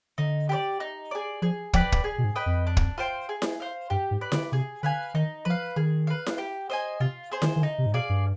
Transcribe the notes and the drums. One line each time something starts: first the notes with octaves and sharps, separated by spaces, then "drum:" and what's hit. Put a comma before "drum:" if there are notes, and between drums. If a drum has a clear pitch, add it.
D3 D#4
G4 B4 D5
D#4
G#4 D5
F3 G#4
F3 B4 D5 G5, drum: kick
drum: kick
G#4
B2
G#2
B4 D#5 G5
F2
D4
drum: kick
F4 C5 G5
G#4
drum: snare E4
C5 F5
G2 G4
G#2
B4 D5
D3, drum: snare E4
C3 G#4
D3 B4 F5 G#5
D#3 D#4
F3 B4
F5
D#3 G#4
B4 F5
drum: snare E4
G4
C5 D#5 G#5
C3 F4
G#4 C5
D#3, drum: snare E4
D#3
D3 D#4
C3
G#2
B2 G#4 D5 F5
G2